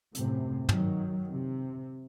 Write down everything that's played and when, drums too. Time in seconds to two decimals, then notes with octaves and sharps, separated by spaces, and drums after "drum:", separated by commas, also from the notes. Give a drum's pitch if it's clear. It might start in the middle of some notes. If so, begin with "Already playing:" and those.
0.15 F#2 A2 C3, drum: hi-hat
0.69 D#3 F#3, drum: tom
1.29 C3